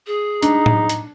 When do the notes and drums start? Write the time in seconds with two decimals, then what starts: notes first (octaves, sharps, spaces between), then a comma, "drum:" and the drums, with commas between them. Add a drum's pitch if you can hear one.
0.06 G#4
0.43 D4 D#4, drum: hi-hat
0.66 drum: tom A2
0.89 drum: hi-hat